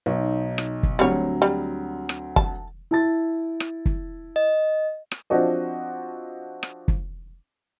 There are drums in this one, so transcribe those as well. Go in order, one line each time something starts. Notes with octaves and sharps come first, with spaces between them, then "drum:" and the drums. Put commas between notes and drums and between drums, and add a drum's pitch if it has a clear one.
B1 D#4
drum: rim click
drum: kick
D2 F#3 G3 C4 C#5
G3
drum: rim click
A5, drum: kick
E4 A5 A6
drum: rim click
drum: kick
D#5
drum: rim click
F3 C4 D4 F#4 D#5
drum: rim click
drum: kick